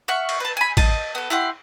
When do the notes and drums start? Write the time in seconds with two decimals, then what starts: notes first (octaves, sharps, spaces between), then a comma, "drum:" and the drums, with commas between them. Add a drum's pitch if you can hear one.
0.08 E5 F#5 C#6 F6
0.29 drum: cymbal
0.40 B4 A5
0.57 G#5 B5
0.77 D#5 A5, drum: kick, cymbal
1.15 B3 A4
1.30 E4 G4 F#5 C6